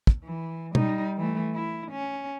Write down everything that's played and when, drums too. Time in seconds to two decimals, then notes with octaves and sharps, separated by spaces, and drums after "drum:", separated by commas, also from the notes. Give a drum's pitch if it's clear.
0.07 drum: kick
0.24 E3
0.75 G3 D#4, drum: tom B2
1.17 E3 A3
1.54 E4
1.92 C#4